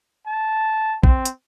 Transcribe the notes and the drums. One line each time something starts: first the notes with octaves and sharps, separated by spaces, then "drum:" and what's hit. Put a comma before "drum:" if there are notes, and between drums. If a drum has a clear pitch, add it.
A5
C4, drum: kick
drum: hi-hat